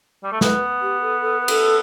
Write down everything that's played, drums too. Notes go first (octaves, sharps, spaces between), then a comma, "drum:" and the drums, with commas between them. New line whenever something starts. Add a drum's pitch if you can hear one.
G3
A3
B3 B4, drum: snare
G4
A4
A4
B4
A4, drum: cymbal